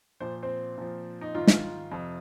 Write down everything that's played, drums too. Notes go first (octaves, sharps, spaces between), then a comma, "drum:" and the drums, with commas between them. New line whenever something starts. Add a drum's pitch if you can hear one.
A#2 F3 C5
C4 C5
A#2 F3
D#4
G#2 D#3 F4
drum: snare
F2 C3 F3